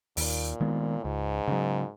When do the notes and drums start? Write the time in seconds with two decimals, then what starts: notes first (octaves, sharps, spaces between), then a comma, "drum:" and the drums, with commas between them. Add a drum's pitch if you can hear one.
0.17 D#2 A#2, drum: open hi-hat
0.61 D#3 G#3 B3
1.04 C#2 G#2
1.48 C#3 F#3